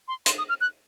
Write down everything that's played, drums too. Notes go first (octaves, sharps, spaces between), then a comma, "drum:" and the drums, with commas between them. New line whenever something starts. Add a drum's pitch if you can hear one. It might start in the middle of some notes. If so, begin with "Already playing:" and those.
C6
C6, drum: hi-hat
D#6
F6
F#6